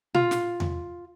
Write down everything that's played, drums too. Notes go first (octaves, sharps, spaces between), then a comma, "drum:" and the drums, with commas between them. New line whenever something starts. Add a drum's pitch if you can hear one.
F4, drum: tom A#2
drum: snare
drum: tom E2